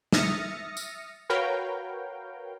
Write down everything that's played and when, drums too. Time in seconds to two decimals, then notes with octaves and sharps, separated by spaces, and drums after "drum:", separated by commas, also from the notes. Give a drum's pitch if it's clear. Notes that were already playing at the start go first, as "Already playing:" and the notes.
0.12 E5 D#6 F6 A6 A#6 C#7, drum: snare
0.77 drum: tambourine
1.30 F#4 A#4 B4 C#5 F5 G5